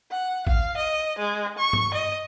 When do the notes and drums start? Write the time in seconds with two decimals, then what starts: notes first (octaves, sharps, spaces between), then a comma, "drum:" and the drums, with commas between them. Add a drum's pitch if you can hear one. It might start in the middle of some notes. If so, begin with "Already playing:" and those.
0.11 F#5
0.47 F5, drum: kick
0.77 D#5
1.19 G#3
1.58 C#6
1.73 drum: tom G2
1.94 D#5